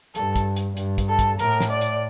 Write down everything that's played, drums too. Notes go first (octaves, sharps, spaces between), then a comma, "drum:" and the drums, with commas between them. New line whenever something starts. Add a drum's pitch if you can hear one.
G2 A4, drum: hi-hat
drum: kick, hi-hat
drum: hi-hat
G2, drum: hi-hat
drum: kick, hi-hat
A4
drum: kick, hi-hat
A2 A#4, drum: hi-hat
drum: snare
D5
drum: hi-hat